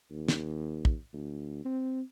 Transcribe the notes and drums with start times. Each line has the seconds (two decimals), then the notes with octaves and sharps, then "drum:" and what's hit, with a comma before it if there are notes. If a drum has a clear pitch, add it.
0.10 D#2
0.28 drum: snare
0.85 drum: kick
1.13 D2
1.65 C4